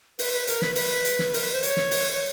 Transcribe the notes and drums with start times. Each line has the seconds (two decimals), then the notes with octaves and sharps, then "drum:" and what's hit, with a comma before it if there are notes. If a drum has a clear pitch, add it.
0.19 B4, drum: open hi-hat
0.33 B4
0.47 A#4, drum: hi-hat
0.62 B4, drum: snare
0.75 B4, drum: open hi-hat
1.05 drum: hi-hat
1.19 drum: snare
1.34 A#4, drum: open hi-hat
1.43 B4
1.52 C5
1.63 C#5, drum: hi-hat
1.77 drum: snare
1.91 drum: open hi-hat
2.12 C#5